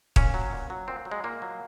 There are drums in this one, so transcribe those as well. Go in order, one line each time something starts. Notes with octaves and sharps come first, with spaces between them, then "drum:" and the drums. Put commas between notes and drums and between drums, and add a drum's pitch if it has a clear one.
A#2 C#4, drum: kick
F#3
A#2
F#3
A#2 C4
F#3
G#3
A#2 A#3
F#3